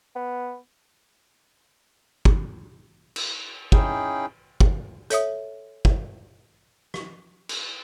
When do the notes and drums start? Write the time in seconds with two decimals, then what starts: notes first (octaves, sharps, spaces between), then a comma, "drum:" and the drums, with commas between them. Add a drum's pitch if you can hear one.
0.15 B3
2.25 drum: kick
3.16 drum: cymbal
3.72 C#4 D#4 E4 G#4 G5, drum: kick
4.60 drum: kick
5.10 A4 C#5 E5 D#6, drum: hi-hat
5.85 drum: kick
6.94 drum: rim click
7.49 drum: cymbal